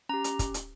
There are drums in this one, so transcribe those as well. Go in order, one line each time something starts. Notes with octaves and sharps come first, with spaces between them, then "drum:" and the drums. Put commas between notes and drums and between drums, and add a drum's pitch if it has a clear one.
C#4 G4 A#5
drum: hi-hat
drum: kick, hi-hat
drum: hi-hat